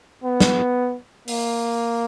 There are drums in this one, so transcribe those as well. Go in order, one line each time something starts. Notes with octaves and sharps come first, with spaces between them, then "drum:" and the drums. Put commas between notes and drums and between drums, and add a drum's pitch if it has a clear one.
B3
drum: snare
A#3, drum: open hi-hat